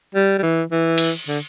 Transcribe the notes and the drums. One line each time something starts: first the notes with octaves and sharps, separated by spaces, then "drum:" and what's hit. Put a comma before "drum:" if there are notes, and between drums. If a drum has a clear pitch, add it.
G3
G3
E3
E3
drum: cymbal
D3